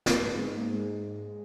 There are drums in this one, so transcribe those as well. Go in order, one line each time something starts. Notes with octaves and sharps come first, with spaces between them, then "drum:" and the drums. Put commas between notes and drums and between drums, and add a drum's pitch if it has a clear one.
drum: snare
G#2 B3
G#3
A#3
G#3